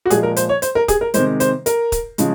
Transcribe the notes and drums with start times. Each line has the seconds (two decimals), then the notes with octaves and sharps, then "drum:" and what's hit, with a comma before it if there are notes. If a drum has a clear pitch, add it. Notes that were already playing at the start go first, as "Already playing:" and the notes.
0.06 F#4
0.10 A#2 F3 G#3 G#4, drum: hi-hat
0.23 A#4
0.36 C5, drum: hi-hat
0.49 C#5
0.62 C5, drum: hi-hat
0.75 A#4
0.88 G#4, drum: kick D#1, hi-hat
1.01 A#4
1.14 C3 D#3 G#3 C5, drum: hi-hat
1.40 C5, drum: hi-hat
1.66 A#4, drum: hi-hat
1.92 drum: kick D#1, hi-hat
2.18 C#3 F3 G#3, drum: hi-hat